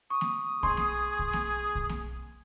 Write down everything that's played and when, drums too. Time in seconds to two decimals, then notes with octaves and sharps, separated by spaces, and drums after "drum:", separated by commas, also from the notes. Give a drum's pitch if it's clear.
0.10 C#6 D#6
0.21 drum: snare A#3
0.63 G#4 C6, drum: kick
0.77 drum: snare A#3
1.19 drum: kick
1.33 drum: snare A#3
1.75 drum: kick
1.89 drum: snare A#3